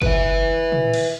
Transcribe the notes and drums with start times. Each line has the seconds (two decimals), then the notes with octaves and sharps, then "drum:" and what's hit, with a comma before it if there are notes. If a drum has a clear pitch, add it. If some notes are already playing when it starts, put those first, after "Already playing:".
0.02 B4 E5, drum: kick
0.72 drum: tom
0.94 drum: cymbal